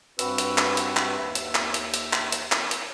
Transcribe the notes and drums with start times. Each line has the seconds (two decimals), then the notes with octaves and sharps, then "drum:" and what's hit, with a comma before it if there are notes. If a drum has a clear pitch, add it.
0.19 G2 C4 F#4 B4 E6, drum: hi-hat
0.38 drum: hi-hat
0.58 drum: clap
0.77 drum: hi-hat
0.97 drum: clap
1.17 D#2 E5
1.35 drum: hi-hat
1.55 drum: clap
1.74 drum: hi-hat
1.94 drum: hi-hat
2.13 drum: clap
2.32 drum: hi-hat
2.52 drum: clap
2.71 drum: hi-hat